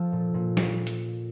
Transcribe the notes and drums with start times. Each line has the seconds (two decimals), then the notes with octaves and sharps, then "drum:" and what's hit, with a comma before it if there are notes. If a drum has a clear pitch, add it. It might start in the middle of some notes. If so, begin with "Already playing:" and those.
Already playing: F3 A4
0.12 A#2
0.34 A#2
0.57 drum: snare
0.87 drum: hi-hat